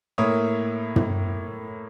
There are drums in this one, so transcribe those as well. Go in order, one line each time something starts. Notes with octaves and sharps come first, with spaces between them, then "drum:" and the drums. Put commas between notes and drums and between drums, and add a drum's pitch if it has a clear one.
A2 A#3 A#4 C#5 E5 D#6
drum: tom